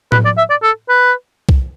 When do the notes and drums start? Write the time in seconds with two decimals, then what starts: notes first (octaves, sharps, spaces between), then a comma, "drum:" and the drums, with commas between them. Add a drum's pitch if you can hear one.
0.12 B4, drum: tom A2
0.25 D5
0.38 E5
0.50 D5
0.63 A4
0.89 B4
1.49 drum: kick C2